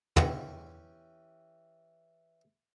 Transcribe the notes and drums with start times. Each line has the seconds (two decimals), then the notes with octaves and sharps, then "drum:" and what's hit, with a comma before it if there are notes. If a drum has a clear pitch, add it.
0.16 E3 B3 C#4 G4 F#5 A#6, drum: tom